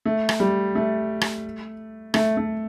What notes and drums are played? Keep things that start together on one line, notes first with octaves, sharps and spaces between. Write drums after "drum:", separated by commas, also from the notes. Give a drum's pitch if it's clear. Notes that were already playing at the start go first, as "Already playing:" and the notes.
A3
drum: rim click
G3
A3
drum: rim click
A3, drum: rim click
A3